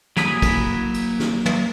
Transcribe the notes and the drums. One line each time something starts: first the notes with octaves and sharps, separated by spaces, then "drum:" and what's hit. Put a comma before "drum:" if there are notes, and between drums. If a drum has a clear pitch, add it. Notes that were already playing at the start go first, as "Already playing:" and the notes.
F#3 A#3 G#5 B5 D#6, drum: snare
drum: kick, cymbal
drum: cymbal
drum: snare
drum: tom